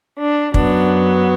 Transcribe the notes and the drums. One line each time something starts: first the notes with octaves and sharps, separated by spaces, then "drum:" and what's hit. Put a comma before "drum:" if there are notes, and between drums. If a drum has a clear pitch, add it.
D4
F#2 F#3 B3 D4, drum: kick